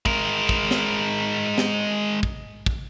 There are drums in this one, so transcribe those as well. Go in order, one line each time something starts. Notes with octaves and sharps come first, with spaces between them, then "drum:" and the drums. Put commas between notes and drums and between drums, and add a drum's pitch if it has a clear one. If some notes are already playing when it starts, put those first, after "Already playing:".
G#3 A#4, drum: kick
drum: kick
drum: snare
drum: snare
drum: kick
drum: kick